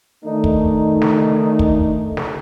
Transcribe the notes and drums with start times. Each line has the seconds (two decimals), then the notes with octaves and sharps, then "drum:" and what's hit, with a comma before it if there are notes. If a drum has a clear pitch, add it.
0.25 D#3 A3 D4 D#4
0.44 drum: kick
1.02 drum: snare
1.59 drum: kick
2.17 drum: snare